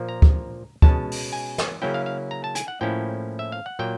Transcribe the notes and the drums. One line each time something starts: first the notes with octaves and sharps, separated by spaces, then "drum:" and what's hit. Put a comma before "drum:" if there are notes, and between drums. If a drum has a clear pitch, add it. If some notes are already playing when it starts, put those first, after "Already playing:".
Already playing: A#2 F3 A#3
A#5
drum: kick
B2 G#3 C#4 A5, drum: kick
drum: open hi-hat
G#5
drum: snare
C#3 F#3 A#3 C#4 E4 G5
F5
F5
A#5
A5
G#5, drum: hi-hat
F#5
A2 F3 A#3 C#4 E4 G5
E5
F5
F#5
A#2 F#3 A#3 G5